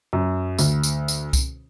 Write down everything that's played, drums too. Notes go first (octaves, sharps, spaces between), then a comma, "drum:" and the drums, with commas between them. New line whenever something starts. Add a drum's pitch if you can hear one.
F#2
D2, drum: tambourine
drum: tambourine
drum: tambourine
drum: kick C2, tambourine